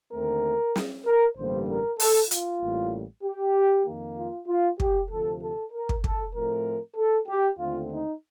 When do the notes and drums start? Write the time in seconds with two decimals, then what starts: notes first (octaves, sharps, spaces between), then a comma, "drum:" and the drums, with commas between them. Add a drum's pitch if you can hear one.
0.13 D#2 D3 A3 C4 A#4
0.76 drum: snare
1.06 A#4
1.37 A1 G2 D3 G3 A#3 C5
1.69 A#4
2.00 A4, drum: open hi-hat
2.31 F4, drum: hi-hat
2.62 A1 A2 G3 A#3
3.24 G4
3.86 F2 D#3 A#3
4.17 F4
4.48 F4
4.80 G4, drum: kick
5.10 D2 C3 F3 A4
5.41 A4
5.73 A#4
5.89 drum: kick
6.04 A4, drum: kick
6.35 A2 F3 A3 C4 A#4
6.97 A4
7.28 G4
7.59 D#2 D3 A3 C4 F4
7.90 D#4